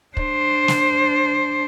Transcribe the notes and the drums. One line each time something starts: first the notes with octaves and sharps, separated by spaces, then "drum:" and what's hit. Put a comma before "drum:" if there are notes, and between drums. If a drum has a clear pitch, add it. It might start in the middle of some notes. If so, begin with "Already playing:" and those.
D4 C5, drum: kick
drum: snare